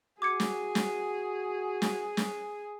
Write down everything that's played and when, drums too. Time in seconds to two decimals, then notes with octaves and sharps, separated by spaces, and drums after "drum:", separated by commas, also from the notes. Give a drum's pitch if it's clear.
0.22 F#4 G#4 D6 G#6 C#7
0.40 drum: snare
0.75 drum: snare
1.82 drum: snare
2.17 drum: snare